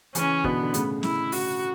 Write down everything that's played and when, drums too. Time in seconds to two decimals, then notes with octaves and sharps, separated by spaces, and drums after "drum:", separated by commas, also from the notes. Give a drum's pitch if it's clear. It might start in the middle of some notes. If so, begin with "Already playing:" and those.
0.15 C#3 E3 C#4, drum: hi-hat
0.44 B2 D3 B3, drum: kick
0.63 D3
0.74 A2 C#3, drum: hi-hat
1.03 E4, drum: snare
1.32 F#4, drum: open hi-hat